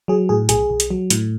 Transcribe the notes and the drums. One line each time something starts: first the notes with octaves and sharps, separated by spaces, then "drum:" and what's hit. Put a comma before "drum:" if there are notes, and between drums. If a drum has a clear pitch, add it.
F#3 G#4
A2 G#4
B1 G#4, drum: hi-hat
B1
drum: hi-hat
F#3
A2, drum: hi-hat